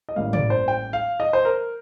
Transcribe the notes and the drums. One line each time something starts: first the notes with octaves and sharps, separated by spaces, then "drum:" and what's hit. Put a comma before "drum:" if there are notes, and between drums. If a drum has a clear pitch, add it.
D#5
A1 A2 G3 A#3 F5
D5, drum: tom
C5
G5
F5
D#5
C5
A#4